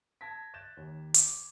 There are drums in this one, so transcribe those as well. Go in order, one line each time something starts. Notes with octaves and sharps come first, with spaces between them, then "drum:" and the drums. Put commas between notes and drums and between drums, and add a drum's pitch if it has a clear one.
A5 G#6 A#6 B6
F#6 G6 A6 E7
D#2
D6, drum: hi-hat